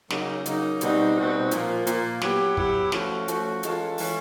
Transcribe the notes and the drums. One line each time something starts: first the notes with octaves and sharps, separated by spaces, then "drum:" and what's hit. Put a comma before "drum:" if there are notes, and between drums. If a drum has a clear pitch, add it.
C#3 F#3 A#3 D#4, drum: snare
C#3 F#3 A#3 D#4, drum: hi-hat
B2 G3 C4 D#4 F#4, drum: hi-hat
B2 G3 C4 D#4 F#4
A#2 F3 A#3, drum: hi-hat
A#2 F3 A#3, drum: hi-hat
F#3 B3 E4 G4, drum: snare
F#3 B3 E4 G4, drum: kick
F3 A3 C#4 F#4, drum: snare
F3 A3 C#4 F#4, drum: hi-hat
E3 G#3 C#4 F4 A4, drum: hi-hat
E3 G#3 C#4 F4 A4, drum: open hi-hat